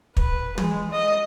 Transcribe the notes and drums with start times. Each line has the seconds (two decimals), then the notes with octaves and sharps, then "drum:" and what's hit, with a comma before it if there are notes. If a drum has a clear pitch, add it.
0.17 B4, drum: kick
0.58 G#3, drum: tom
0.91 D#5